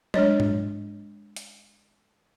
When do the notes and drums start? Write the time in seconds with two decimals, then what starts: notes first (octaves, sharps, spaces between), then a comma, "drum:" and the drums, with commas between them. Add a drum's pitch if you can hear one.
0.14 G#3 D4 C#5 D#5, drum: tom F#3
0.40 drum: tom G#2
1.36 drum: hi-hat